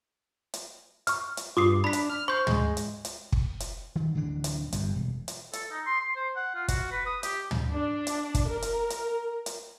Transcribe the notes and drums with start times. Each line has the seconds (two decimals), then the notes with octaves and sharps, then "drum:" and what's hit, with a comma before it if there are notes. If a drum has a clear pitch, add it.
0.54 drum: hi-hat
1.07 C#6 F6, drum: hi-hat
1.37 drum: hi-hat
1.57 G2 F4 D6 D#6 C7
1.84 D4 B5 B6
1.93 drum: hi-hat
2.10 F6
2.28 C5 C6 C#6 G6
2.47 G#3, drum: tom
2.77 drum: hi-hat
3.05 drum: hi-hat
3.32 drum: kick
3.60 drum: hi-hat
3.96 D#3
4.14 D1 D3 E3 D4
4.44 drum: hi-hat
4.72 G1 C2 F2, drum: hi-hat
4.96 E1
5.28 drum: hi-hat
5.53 A4, drum: hi-hat
5.71 D#4
5.86 C6
6.01 C6
6.16 C5
6.36 F#5
6.55 F4
6.68 F#4, drum: kick, hi-hat
6.91 B4
7.06 D#6
7.23 G4, drum: hi-hat
7.51 drum: tom
7.71 D4
8.07 drum: hi-hat
8.35 drum: kick, hi-hat
8.47 A#4
8.62 drum: hi-hat
8.90 drum: hi-hat
9.46 drum: hi-hat